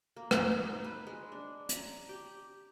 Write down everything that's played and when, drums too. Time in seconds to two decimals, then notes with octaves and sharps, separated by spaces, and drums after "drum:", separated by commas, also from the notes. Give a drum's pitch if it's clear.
0.17 A#3
0.31 drum: rim click
0.52 D#4
0.84 B4
1.07 G#3
1.32 D4
1.69 A#5, drum: hi-hat
2.09 G4